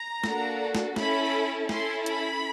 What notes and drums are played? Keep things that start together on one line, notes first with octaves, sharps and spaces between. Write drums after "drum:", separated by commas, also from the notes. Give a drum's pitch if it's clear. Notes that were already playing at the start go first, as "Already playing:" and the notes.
Already playing: A#5
A#3 D4 F#4 A4, drum: snare
drum: snare
C#4 E4 A4 B5, drum: snare
C#4 E4 A4 C6, drum: snare
B5, drum: hi-hat